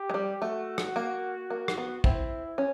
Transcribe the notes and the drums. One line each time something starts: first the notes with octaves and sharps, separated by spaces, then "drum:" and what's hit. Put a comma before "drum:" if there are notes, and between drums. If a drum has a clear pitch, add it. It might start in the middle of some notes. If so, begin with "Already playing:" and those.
Already playing: G4
G#3
G3
A3 F#4
drum: rim click
A#3
A#3
drum: rim click
B3
C4 E4, drum: kick
C#4